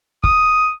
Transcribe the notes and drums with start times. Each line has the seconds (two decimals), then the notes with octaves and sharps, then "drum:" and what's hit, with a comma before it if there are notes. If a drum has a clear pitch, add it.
0.24 D#6, drum: kick